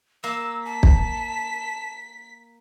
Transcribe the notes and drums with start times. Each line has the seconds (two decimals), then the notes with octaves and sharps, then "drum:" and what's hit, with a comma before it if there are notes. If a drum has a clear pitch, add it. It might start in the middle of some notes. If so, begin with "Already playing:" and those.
0.24 A#3 E6
0.66 A5 B6
0.83 drum: kick